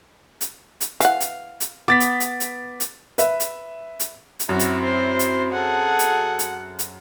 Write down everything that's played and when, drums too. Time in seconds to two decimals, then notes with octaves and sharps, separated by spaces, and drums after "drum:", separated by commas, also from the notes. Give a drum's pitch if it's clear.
0.41 drum: hi-hat
0.81 drum: hi-hat
1.00 E3 F5 F#5, drum: hi-hat
1.20 drum: hi-hat
1.60 drum: hi-hat
1.88 B3 D6 A6 B6
2.00 drum: hi-hat
2.20 drum: hi-hat
2.40 drum: hi-hat
2.80 drum: hi-hat
3.18 B4 E5, drum: hi-hat
3.40 drum: hi-hat
4.00 drum: hi-hat
4.39 drum: hi-hat
4.49 F#2 C4 E4 F#4
4.59 drum: hi-hat
4.84 C5
5.19 drum: hi-hat
5.53 G#4 A4 F#5
5.99 drum: hi-hat
6.39 drum: hi-hat
6.79 drum: hi-hat